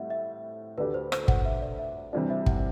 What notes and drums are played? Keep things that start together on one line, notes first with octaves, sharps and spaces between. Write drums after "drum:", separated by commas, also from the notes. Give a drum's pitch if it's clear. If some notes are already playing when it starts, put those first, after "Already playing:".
Already playing: A2 G3 C4 E5 F#5
E5
D2 D3 A3 D4 G4 B4
C5
C5, drum: rim click
F#5, drum: kick
E5
D5
E5
D5
C3 E3 G3 D4 C5
E5
F#5, drum: kick